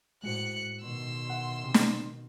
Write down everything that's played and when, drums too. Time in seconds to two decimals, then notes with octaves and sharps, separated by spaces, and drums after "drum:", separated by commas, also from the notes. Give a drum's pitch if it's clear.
0.24 A2 G#3 F#4 C5 F#6 C#7
0.82 B2 D#3 C6 E6
1.30 E5 F#5
1.64 C3
1.74 drum: snare